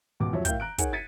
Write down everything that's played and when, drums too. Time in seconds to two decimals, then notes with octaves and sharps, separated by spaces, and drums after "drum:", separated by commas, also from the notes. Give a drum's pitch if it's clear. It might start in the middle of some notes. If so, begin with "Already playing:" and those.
0.20 C#2 B2 D6
0.33 F1 F3 F#3 C#5 E5
0.45 A2 A#4 E5 F5 G5 G6, drum: kick, hi-hat
0.60 A#5 F#6 D7
0.78 D#4 G#4 A#4 C#5 F#5 G#5, drum: kick, hi-hat
0.93 G#6 A6 B6 C#7 D#7